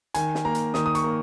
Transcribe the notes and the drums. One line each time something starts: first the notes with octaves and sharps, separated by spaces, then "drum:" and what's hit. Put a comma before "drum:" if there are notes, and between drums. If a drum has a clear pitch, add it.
D#3 G#5, drum: hi-hat
drum: snare
A#3 A#5
drum: hi-hat
D#3 D#6, drum: snare
D#6
C#6, drum: hi-hat
A#3